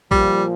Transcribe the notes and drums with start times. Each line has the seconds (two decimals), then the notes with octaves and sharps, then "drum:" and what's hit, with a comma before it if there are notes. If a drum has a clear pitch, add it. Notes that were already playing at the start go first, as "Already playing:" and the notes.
0.11 A#2 F3 G3, drum: kick